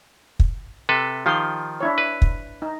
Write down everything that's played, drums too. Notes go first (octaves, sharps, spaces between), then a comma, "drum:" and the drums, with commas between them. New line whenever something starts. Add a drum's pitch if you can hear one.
drum: kick
C3 A4 B4
D#3 F3 G4 F5 C6
D4 E4 C#5
B4
drum: kick
D#4